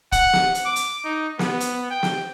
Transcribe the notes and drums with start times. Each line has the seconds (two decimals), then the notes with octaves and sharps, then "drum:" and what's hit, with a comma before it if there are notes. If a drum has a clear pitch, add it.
0.12 F#5, drum: kick, hi-hat
0.33 drum: snare
0.55 drum: hi-hat
0.65 D6
0.76 drum: hi-hat
1.05 D#4
1.39 B3, drum: snare
1.60 drum: hi-hat
1.90 G5
2.03 drum: snare